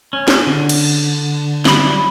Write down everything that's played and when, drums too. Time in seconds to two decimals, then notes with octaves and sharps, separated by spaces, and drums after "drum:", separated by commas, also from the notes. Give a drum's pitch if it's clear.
0.13 C#4
0.28 drum: snare
0.47 D3
0.69 drum: cymbal
1.65 F#3 G3 E4 B5, drum: snare